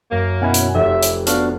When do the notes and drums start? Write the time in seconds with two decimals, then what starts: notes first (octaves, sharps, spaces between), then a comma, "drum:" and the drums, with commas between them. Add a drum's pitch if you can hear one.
0.12 F#2 A#3 A#6
0.41 B2 C#4 E4 F#5 G#5 G#6
0.54 drum: hi-hat
0.74 F1 G4 E5
1.03 drum: hi-hat
1.27 B3 D4 F#4 F5, drum: hi-hat